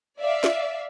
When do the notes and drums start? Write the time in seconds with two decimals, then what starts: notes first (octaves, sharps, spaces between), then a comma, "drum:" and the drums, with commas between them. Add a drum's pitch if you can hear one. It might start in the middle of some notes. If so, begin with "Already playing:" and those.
0.18 D5 E5 F5
0.44 drum: snare